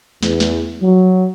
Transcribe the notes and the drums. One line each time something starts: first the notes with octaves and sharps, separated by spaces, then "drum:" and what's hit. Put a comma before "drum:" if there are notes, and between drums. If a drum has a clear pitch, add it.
E2, drum: snare
drum: snare
F#3